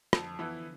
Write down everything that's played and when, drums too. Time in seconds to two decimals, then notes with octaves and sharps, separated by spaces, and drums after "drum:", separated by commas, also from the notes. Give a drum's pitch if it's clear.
0.13 F2 D3 F3, drum: rim click
0.39 E3 B3 E4